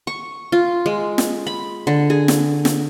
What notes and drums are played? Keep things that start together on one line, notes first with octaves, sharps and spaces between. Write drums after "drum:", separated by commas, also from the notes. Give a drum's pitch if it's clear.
C#6
F4
G#3
drum: snare
B5
D3
G#4
drum: snare
drum: snare